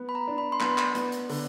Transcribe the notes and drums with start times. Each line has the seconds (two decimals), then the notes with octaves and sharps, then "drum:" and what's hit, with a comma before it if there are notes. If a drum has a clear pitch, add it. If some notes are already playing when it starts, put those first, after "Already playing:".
Already playing: B3
0.09 B5
0.15 A#5
0.27 D4
0.38 B5
0.52 C6
0.61 B3 B5, drum: clap
0.78 drum: clap
0.95 B3, drum: hi-hat
1.12 drum: hi-hat
1.29 D3, drum: open hi-hat